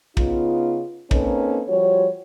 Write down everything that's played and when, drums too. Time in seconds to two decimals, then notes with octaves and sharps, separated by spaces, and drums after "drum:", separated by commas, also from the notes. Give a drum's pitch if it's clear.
0.17 C#3 B3 D#4 F4, drum: kick
1.11 A#3 C4 C#4 D#4 A4 B4, drum: kick
1.69 F3 G3 F#4 C#5